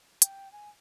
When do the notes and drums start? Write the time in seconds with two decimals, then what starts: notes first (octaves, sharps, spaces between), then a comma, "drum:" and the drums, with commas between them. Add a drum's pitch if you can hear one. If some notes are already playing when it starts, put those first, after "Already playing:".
0.22 G5, drum: hi-hat
0.52 G#5